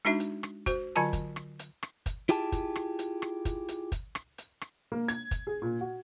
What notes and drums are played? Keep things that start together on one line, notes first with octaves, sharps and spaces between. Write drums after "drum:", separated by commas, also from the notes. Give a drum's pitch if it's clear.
G#3 D4 D#4 F#4 E5
drum: hi-hat
drum: rim click
F#4 C5, drum: kick, hi-hat
D3 F#3 F4 G#5 A5
drum: kick, hi-hat
drum: rim click
drum: hi-hat
drum: rim click
drum: kick, hi-hat
E4 F4 G4 G#4 A5, drum: hi-hat
drum: kick, hi-hat
drum: rim click
drum: hi-hat
drum: rim click
drum: kick, hi-hat
drum: hi-hat
drum: kick, hi-hat
drum: rim click
drum: hi-hat
drum: rim click
A#3
G#6, drum: hi-hat
drum: kick, hi-hat
G#4
A#2
F#4